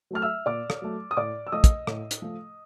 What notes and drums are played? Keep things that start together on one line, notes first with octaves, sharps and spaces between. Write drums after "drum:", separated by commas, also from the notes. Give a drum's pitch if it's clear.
F#3 A3 F6
E5 E6
A#2 D5 D6
drum: rim click
F#3 A3
D#6
A2 D5 D6
E6
F3 A3 D#5 D#6
drum: kick, hi-hat
A2, drum: rim click
drum: hi-hat
F3 A3